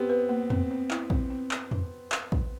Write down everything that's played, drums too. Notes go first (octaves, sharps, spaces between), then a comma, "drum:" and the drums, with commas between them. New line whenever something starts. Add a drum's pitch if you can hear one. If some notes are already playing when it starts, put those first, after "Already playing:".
Already playing: B3 C4 G4
B4
A#3
C4, drum: tom E2
C4
E4, drum: clap
C4, drum: kick
C4
drum: clap
drum: tom E2
drum: clap
drum: kick